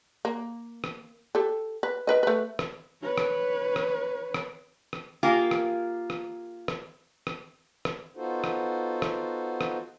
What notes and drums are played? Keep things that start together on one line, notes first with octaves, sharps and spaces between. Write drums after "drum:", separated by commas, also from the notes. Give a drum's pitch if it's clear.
A#3
drum: rim click
G4 A4
B4
A#4 B4 D#5
A3 B4
drum: rim click
B4 C#5
drum: rim click
drum: rim click
drum: rim click
drum: rim click
A#3 F4 G4 G#4 A#4
drum: rim click
drum: rim click
drum: rim click
drum: rim click
drum: rim click
B3 D#4 F4 F#4 A4 C5
drum: rim click
drum: rim click
drum: rim click